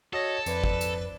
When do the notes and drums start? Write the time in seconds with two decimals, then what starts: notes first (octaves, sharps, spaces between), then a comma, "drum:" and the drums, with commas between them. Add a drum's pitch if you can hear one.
0.13 F#4 A4 C#5 D#5 A#6
0.46 F2 C4 D4 E4 B4, drum: tambourine
0.64 drum: kick
0.81 drum: tambourine